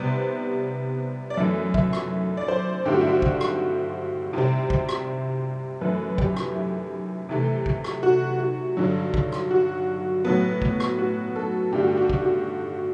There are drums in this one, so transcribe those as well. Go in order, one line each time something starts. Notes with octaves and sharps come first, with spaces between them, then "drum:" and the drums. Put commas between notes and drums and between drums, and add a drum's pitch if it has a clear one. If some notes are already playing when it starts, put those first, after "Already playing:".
Already playing: C3 G3 B3 C5
D5
F#2 E3 A3 E5
E5, drum: kick
drum: rim click
D5
C5
G2 D3 A3 C4 G4
F#4
E4
F#4
drum: kick
drum: rim click
C3 G3 C4 E4
drum: kick
drum: rim click
F#2 E3 A3 B4
G4, drum: kick
drum: rim click
E4
C3 E3 A3
drum: kick
drum: rim click
F#4
F#4
G2 D3 F#3
drum: kick
drum: rim click
F#4
A2 F#3 B3
drum: kick
drum: rim click
F#4
A4
G2 D3 A3 G4
F#4
G4
F#4
drum: kick
F#4